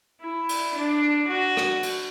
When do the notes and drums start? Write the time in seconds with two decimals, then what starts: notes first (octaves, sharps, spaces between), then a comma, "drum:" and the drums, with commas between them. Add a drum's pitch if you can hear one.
0.20 E4
0.49 drum: cymbal
0.74 D4
1.27 F#4
1.57 drum: rim click
1.83 drum: cymbal